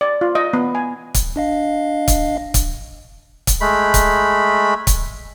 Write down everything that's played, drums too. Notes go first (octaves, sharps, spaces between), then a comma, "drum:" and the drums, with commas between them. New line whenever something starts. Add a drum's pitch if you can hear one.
D5
F4
D#5
B3
G#5
drum: kick C#1, hi-hat
D4 D#5 F5
drum: kick C#1, hi-hat
drum: kick C#1, hi-hat
drum: kick C#1, hi-hat
G#3 A3 B5
drum: kick C#1, hi-hat
drum: kick C#1, hi-hat